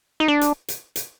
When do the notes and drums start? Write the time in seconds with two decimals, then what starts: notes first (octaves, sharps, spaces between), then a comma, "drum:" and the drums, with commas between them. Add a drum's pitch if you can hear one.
0.20 D#4
0.28 D4
0.41 drum: hi-hat
0.68 drum: hi-hat
0.96 drum: hi-hat